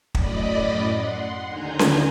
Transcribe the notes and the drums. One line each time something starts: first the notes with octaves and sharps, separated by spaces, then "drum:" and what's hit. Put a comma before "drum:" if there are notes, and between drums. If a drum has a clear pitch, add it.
F#2 A2 D5 D#5 B5, drum: kick
F#5 C6
D#2 D3 D#3 G#5 A#5 G6
drum: snare C#4